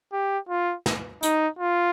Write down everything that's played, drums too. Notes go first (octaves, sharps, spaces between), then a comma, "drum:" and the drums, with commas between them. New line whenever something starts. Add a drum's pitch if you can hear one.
G4
F4
drum: snare
D#4, drum: hi-hat
F4